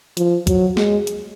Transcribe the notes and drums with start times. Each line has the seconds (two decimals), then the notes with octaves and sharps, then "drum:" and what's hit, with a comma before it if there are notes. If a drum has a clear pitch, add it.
0.17 F3, drum: hi-hat
0.47 F#3, drum: kick, hi-hat
0.77 G#3, drum: snare
1.07 drum: hi-hat